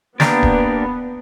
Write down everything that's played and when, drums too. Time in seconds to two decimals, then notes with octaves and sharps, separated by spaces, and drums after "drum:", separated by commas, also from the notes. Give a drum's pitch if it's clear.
0.20 A#3 B3 D4 G4 A#4 D5, drum: snare
0.43 drum: kick D1